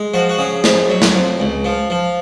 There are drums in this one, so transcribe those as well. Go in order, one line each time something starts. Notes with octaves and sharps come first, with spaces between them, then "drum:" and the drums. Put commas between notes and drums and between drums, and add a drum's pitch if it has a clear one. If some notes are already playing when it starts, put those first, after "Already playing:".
Already playing: G#3
F3 F#4
F#4
C#3 G#4
F2, drum: snare
F#3
drum: snare
F2
C#2
F3
F3